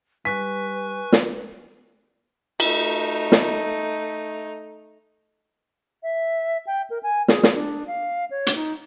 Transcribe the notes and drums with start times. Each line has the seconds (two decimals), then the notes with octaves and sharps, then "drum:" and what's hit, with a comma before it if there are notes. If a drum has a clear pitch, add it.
0.25 G3 B4 G#5 C#6 F#6 B6
1.12 drum: snare
2.60 A3 D#4, drum: cymbal
3.32 drum: snare
6.03 E5
6.67 G5
6.90 A#4
7.03 G#5
7.28 G#4, drum: snare
7.43 drum: snare
7.55 D4
7.87 F5
8.31 C#5
8.47 drum: hi-hat
8.56 D#4